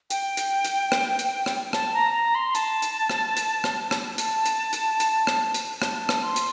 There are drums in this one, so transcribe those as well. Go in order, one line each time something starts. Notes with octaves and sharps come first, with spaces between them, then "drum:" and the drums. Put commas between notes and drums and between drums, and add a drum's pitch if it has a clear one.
G5, drum: hi-hat
drum: hi-hat
drum: hi-hat
drum: rim click
drum: hi-hat
drum: rim click
A5, drum: rim click
A#5
A#5
C6
A5, drum: hi-hat
drum: hi-hat
drum: rim click
drum: hi-hat
drum: rim click
drum: rim click
A5, drum: hi-hat
drum: hi-hat
drum: hi-hat
drum: hi-hat
drum: rim click
drum: hi-hat
A5, drum: rim click
drum: rim click
C6
drum: hi-hat